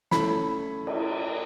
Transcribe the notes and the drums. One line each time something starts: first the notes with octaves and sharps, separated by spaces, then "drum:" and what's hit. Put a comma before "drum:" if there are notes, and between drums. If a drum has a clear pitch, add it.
A3 C#4 E4 A4 B5, drum: snare
drum: cymbal